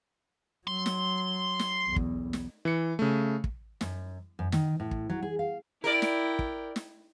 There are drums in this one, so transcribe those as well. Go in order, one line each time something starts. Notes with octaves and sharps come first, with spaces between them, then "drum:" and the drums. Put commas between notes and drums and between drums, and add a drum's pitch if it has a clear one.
F#3 C6
drum: snare
drum: snare
B1 E2
drum: kick
drum: snare
E3 C#7
C#3 A3
drum: kick
F#2, drum: snare
F#2
D#3, drum: snare
A2
drum: kick
F#3
G#4
F5
E4 A#4 D5 G5
drum: snare
drum: kick
drum: snare